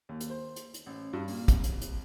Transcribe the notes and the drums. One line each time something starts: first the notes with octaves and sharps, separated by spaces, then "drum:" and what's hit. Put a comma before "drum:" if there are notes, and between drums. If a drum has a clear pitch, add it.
D#2
drum: hi-hat
C5
drum: hi-hat
drum: hi-hat
A1
G2
A#2, drum: open hi-hat
C2, drum: kick, hi-hat
drum: hi-hat
drum: hi-hat